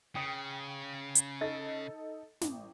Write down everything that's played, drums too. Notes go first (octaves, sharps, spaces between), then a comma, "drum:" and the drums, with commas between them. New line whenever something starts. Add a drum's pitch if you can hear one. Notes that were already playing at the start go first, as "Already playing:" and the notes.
C#3 G5 D#6 C#7
drum: hi-hat
D#4 A4 A6
A1, drum: snare